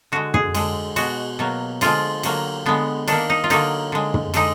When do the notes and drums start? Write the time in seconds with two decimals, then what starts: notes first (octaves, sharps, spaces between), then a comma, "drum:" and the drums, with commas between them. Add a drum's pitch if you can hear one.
0.12 D3 G#3 F#4
0.34 G#4, drum: tom
0.55 D3 G#3, drum: cymbal
0.96 B2 G#3 F#4, drum: cymbal
1.39 B2 F#3 A#3
1.81 D3 F3 G#3 F4, drum: cymbal
2.23 D3 F#3 A#3, drum: cymbal
2.66 D3 G#3 B3
3.08 D#3 A#3 D4, drum: cymbal
3.30 D#4
3.44 F4
3.50 D3 F#3 A#3 D#4, drum: cymbal
3.92 D3 G#3
4.14 drum: tom
4.34 D3 G#3 D#4, drum: cymbal